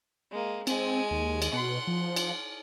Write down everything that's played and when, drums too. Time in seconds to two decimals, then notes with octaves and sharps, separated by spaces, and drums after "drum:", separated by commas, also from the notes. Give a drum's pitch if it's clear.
0.31 G#3 A#3
0.67 G#3 C4 G#5, drum: cymbal
1.11 D#2
1.42 drum: cymbal
1.53 B2 F#5 C6
1.87 F3
2.16 drum: cymbal